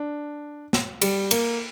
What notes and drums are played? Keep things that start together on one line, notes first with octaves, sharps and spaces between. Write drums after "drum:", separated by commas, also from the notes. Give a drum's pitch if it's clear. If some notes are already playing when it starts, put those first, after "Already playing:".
Already playing: D4
drum: snare
G3, drum: cymbal
A#3, drum: cymbal